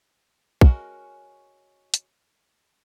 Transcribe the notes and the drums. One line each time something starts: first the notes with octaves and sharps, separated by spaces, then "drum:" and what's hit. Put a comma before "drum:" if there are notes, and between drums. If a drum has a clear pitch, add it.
G#3 C#4 F#4 A#4, drum: kick
drum: hi-hat